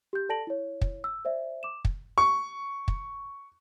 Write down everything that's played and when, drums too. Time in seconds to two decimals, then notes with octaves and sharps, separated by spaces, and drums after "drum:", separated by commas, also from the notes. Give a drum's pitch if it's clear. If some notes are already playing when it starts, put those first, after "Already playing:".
0.13 G4 G6
0.29 A4 D5 A5 A#6 D7 F#7
0.47 E4 C#5
0.81 drum: kick
1.04 E6
1.25 C5 D5 E5
1.63 D6 E7
1.85 drum: kick
2.18 C#6
2.88 drum: kick